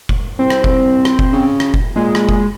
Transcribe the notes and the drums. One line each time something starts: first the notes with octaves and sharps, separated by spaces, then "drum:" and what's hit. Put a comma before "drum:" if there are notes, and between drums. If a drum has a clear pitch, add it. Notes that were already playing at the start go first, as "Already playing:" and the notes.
drum: kick F1
C2 C4
drum: rim click
drum: kick F1
drum: rim click
drum: kick F1
C#3
drum: rim click
drum: kick F1
A#2 G#3
drum: rim click
drum: kick F1